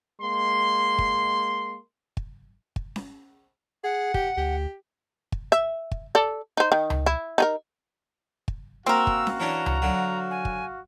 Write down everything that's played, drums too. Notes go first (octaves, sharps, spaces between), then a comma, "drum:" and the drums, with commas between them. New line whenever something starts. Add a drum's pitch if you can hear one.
G#3 A#3 C6
drum: kick
drum: kick
drum: kick
drum: snare C#4
G#4 F#5
G4, drum: kick
D2 G4
drum: kick
E5
drum: kick
A4 D5
D#4 C5
D#3
drum: tom C#2
E4
D#4 G#4 A#4
drum: kick
A#3 C4 F#4 A#4 F5 E6
drum: kick
drum: snare C#4
E3 C#4 D4 A#5
drum: tom C#2
D3 F#3
G#5
drum: kick